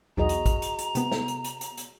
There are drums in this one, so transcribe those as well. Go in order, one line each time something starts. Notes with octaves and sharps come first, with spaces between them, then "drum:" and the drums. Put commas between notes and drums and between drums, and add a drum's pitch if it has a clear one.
B1 E2 F#4 G#4 D#5 A#5
drum: hi-hat
drum: kick, hi-hat
drum: hi-hat
drum: hi-hat
C3 B3, drum: hi-hat
drum: snare
drum: hi-hat
drum: hi-hat
drum: hi-hat
drum: hi-hat